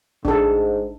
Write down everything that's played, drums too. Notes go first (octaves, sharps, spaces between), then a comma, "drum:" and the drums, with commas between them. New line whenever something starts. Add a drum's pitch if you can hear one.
G#2 D4 A4, drum: kick A1